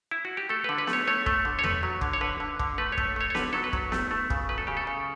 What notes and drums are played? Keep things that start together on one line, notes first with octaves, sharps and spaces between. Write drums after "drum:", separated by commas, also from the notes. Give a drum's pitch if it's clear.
E4
F#4
G4
A3 A4
D3 B4
B4
A3, drum: snare B3
C#5
A3 C#5
A3, drum: kick
D3
C#5
A3 B4, drum: tom E2
F#3
D3, drum: kick
C#5
D3 B4
D3
D3, drum: kick
A3 B4
C#5
A3, drum: kick
A3 C#5
C#5
D3 B4, drum: snare B3
F#3 A4
B4
F#3, drum: kick
A3, drum: snare B3
A3
C#3, drum: kick
F#3 B4
A4
C#3 G4
A4
C#3